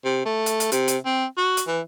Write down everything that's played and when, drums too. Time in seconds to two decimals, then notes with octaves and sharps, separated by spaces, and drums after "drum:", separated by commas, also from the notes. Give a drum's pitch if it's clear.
0.05 C3
0.26 A3
0.46 drum: hi-hat
0.60 drum: hi-hat
0.72 C3, drum: hi-hat
0.88 drum: hi-hat
1.06 C4
1.38 F#4
1.57 drum: hi-hat
1.68 E3